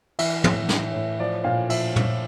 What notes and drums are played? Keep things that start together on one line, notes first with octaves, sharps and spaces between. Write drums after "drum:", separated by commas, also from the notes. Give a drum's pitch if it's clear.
E3 E5, drum: cymbal
A2, drum: tom
E3, drum: snare
A2
F3 D5
A#2 F5
F3 E5, drum: cymbal
A#2, drum: tom